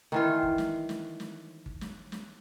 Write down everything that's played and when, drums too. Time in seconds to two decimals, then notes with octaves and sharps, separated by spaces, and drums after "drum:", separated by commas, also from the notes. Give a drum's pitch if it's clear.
0.12 D#3 E3 F4
0.43 drum: kick G1
0.58 drum: snare
0.89 drum: snare
1.20 drum: snare
1.66 drum: kick G1
1.81 drum: snare
2.12 drum: snare